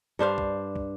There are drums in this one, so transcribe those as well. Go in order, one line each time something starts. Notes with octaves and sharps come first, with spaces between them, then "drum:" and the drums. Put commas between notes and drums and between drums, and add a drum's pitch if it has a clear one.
G2 D4 C5 F5
drum: kick
drum: kick